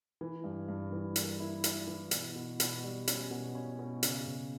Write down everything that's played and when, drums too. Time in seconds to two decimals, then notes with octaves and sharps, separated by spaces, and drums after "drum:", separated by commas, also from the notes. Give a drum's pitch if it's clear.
0.21 E3
0.44 G2
0.68 G2
0.92 E3
1.16 A#3, drum: hi-hat
1.40 E4
1.64 E4, drum: hi-hat
1.87 E3
2.11 B2, drum: hi-hat
2.35 B2
2.60 B2, drum: hi-hat
2.83 G3
3.07 C#4, drum: hi-hat
3.31 B2
3.55 C#4
3.79 B2
4.03 C#3, drum: hi-hat
4.26 C#3